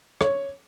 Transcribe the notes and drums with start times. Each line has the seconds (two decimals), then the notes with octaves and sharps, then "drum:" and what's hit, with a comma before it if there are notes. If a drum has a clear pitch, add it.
0.21 C#5, drum: rim click